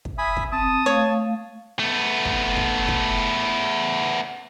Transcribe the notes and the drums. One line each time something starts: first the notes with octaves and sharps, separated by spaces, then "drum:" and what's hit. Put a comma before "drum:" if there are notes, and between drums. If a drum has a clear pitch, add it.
drum: kick
E5 G#5 B5 D#6
drum: kick
C4 A5 D#6
A3 C#5 F5
A3 B3
drum: kick
drum: kick
drum: kick